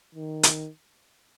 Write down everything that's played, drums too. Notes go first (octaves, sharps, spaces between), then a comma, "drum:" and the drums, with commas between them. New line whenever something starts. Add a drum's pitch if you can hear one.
D#3
drum: hi-hat